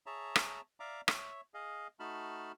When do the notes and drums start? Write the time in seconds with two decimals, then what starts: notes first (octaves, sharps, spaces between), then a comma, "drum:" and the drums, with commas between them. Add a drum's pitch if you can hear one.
0.06 G#4 C#5 E5 A5 A#5
0.36 drum: rim click
0.80 D5 E5 F5 A#5 D6
1.08 C#5 E5, drum: rim click
1.54 G#4 D#5 F5
2.00 A3 D#4 F#4 A5 B5 F6